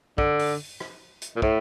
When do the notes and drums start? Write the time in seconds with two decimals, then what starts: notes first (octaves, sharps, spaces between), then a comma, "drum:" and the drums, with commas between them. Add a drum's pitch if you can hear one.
0.18 D3, drum: kick
0.39 drum: open hi-hat
0.80 drum: rim click
1.22 drum: hi-hat
1.36 A#2
1.42 A2, drum: kick